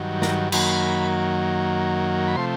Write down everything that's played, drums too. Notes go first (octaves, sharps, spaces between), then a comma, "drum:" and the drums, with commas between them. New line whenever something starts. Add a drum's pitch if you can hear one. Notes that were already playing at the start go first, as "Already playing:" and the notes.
Already playing: G2 D#3 F#3
A#5, drum: snare
F#2 D#3 F#3 A#3 B5, drum: cymbal
B5
C3 F3 A3 C6